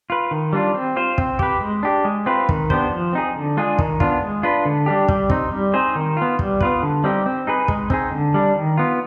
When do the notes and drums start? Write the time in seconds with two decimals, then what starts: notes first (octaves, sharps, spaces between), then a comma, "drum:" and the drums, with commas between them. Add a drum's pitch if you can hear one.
0.10 F4 B4
0.31 D#3
0.53 G3 D4 F4
0.74 C4
0.96 F4 C5
1.18 C4, drum: kick
1.39 G4 B4, drum: kick
1.61 G#3
1.83 D4 G4
2.05 G#3
2.26 C4 F4 B4
2.49 D#3, drum: kick
2.70 B3 D4 G4 C5, drum: kick
2.91 F3
3.13 C4 D#4 G#4
3.35 D3
3.57 G#3 D4 F4 G#4
3.79 D#3, drum: kick
4.00 B3 D4 F4, drum: kick
4.21 G#3
4.43 D4 F4 B4
4.66 D3
4.86 G3 D4 G4
5.08 G3, drum: kick
5.30 C4 D#4, drum: kick
5.51 G3
5.74 C4 D#4 G#4 C5
5.95 D#3
6.17 B3 F4
6.39 G3, drum: kick
6.61 B3 F4 B4, drum: kick
6.83 D3
7.04 G3 C4 D#4 G4
7.26 C4
7.47 D#4 G#4 B4
7.68 G#3, drum: kick
7.90 C4 D#4 G#4, drum: kick
8.12 D3
8.34 G3 D4
8.55 D#3
8.78 B3 F4